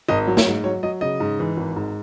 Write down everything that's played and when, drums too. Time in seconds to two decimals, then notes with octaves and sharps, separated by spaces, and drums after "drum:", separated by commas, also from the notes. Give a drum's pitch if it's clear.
0.08 G#1 D#5
0.27 F#3
0.37 C#5, drum: snare
0.46 G#2
0.64 F#3 C#5
0.83 F#3 D#5
1.01 C#3 D#5
1.20 G#2
1.39 E3
1.57 G#1
1.76 G#2